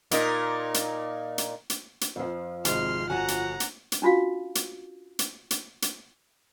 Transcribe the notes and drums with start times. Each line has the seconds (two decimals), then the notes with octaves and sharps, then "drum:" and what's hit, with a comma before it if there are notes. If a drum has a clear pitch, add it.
0.11 A#2 D#4 A#4, drum: hi-hat
0.74 drum: hi-hat
1.38 drum: hi-hat
1.70 drum: hi-hat
2.01 drum: hi-hat
2.16 F2 F3
2.65 G#1 C3 G#3 C6 F6, drum: hi-hat
3.10 G1 F#4 F#5 G#5 A#5
3.28 drum: hi-hat
3.60 drum: hi-hat
3.92 drum: hi-hat
4.02 C#4 D4 F4 F#4 F5
4.55 drum: hi-hat
5.19 drum: hi-hat
5.51 drum: hi-hat
5.82 drum: hi-hat